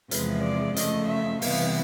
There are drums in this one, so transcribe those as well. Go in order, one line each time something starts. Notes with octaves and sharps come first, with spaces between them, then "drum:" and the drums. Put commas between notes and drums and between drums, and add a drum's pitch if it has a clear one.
E2 C3 F3 G#3 B4, drum: hi-hat
D5
F#2 C#3 F3 A3 D#5, drum: hi-hat
E5
C3 E3 G3 B3 F5, drum: open hi-hat